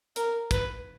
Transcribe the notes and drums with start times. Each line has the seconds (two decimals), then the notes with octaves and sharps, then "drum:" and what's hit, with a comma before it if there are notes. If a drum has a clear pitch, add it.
0.16 A#4, drum: hi-hat
0.51 B4, drum: kick, hi-hat